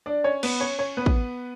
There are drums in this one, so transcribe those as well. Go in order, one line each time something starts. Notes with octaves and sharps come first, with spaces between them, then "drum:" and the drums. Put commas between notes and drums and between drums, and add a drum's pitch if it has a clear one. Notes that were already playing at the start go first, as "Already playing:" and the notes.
D4 D5
C#4 C#5
B3 B4, drum: cymbal
C#4 C#5
C#4 C#5
B3 B4
drum: kick